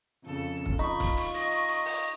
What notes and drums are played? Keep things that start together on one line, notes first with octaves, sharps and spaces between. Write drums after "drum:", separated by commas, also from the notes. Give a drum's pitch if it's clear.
F2 C#3 A4
drum: kick
D#4 F4 B5 C#6
drum: kick, hi-hat
drum: hi-hat
D#5, drum: hi-hat
drum: hi-hat
drum: hi-hat
drum: open hi-hat